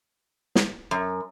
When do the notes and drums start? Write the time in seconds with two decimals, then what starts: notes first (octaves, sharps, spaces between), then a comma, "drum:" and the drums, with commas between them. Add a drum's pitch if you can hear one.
0.55 drum: snare
0.91 F#2